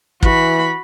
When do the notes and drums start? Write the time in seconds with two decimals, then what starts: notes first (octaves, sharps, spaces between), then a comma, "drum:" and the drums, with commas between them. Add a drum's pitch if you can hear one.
0.23 E3 F#4 B5, drum: kick